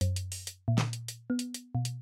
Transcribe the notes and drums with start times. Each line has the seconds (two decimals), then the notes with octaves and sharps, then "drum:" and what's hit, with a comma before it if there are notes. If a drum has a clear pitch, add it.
0.01 F#2, drum: hi-hat
0.16 drum: hi-hat
0.32 drum: open hi-hat
0.47 drum: hi-hat
0.68 A#2
0.78 drum: snare
0.93 drum: hi-hat
1.08 drum: hi-hat
1.30 B3
1.39 drum: hi-hat
1.54 drum: hi-hat
1.75 B2
1.85 drum: hi-hat